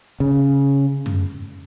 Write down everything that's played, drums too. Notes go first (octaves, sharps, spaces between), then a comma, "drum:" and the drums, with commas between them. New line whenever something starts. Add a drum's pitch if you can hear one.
C#3
drum: tom F#2